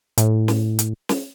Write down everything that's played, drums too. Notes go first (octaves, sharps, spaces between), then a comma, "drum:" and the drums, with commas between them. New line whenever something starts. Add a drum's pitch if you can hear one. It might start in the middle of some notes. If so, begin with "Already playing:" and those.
A2, drum: hi-hat
drum: snare
drum: hi-hat
drum: snare